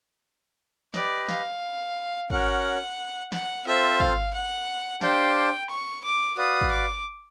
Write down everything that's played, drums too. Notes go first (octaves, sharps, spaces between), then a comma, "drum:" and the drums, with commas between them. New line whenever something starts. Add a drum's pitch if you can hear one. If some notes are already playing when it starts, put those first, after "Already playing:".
G4 B4 D5 D#5, drum: snare
F5, drum: snare
C#4 F#4 A#4 C#5 F#5, drum: kick
F#5, drum: snare
C4 F4 A4 C5 E5
F5, drum: kick
F#5
D4 G4 C5 F5 G5 A5, drum: snare
C#6
D6
F#4 B4 D5 F5 D#6
drum: kick
D6